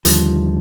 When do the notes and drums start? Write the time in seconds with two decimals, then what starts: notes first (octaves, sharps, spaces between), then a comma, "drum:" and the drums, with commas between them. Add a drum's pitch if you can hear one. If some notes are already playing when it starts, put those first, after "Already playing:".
0.05 D#2 D3 F3 G3, drum: hi-hat